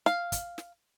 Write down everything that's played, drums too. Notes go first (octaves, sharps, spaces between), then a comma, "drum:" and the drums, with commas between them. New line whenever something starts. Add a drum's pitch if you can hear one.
F5, drum: snare
drum: kick, hi-hat
drum: snare